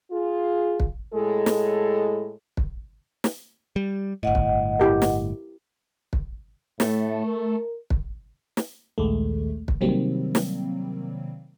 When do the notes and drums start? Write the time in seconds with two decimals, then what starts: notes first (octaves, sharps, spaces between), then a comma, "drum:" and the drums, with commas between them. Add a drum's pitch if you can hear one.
0.11 F4 G#4
0.80 drum: kick
1.13 A2 G#3 A4
1.46 drum: snare
2.57 drum: kick
3.24 drum: snare
3.76 G3
4.23 G1 A2 D#5 F#5
4.35 drum: kick
4.79 E4 G4 A#4
5.02 drum: snare
6.13 drum: kick
6.80 A2 A3, drum: snare
7.26 A#4
7.90 drum: kick
8.57 drum: snare
8.98 A#1 D#2 G#3 A3
9.68 drum: kick
9.81 C3 D#3 F#3 G3 A#3 C4
10.35 drum: snare